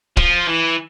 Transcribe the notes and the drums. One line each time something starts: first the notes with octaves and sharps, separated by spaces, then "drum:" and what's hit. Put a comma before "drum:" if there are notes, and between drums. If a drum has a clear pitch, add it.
F3, drum: kick
E3